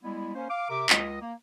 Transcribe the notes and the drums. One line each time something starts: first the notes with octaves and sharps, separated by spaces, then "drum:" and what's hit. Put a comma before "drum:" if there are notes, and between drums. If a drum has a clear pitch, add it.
G3 G#3 B3 E4
A#3 C#4 C5
F5 D6
C3 A#4 E5 D6
C#2 D#5, drum: clap
A#3